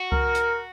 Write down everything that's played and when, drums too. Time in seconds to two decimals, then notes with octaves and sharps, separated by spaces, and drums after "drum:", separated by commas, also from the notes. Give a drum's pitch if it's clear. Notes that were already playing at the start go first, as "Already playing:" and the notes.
Already playing: F#4
0.12 A#4, drum: kick C#2
0.35 drum: hi-hat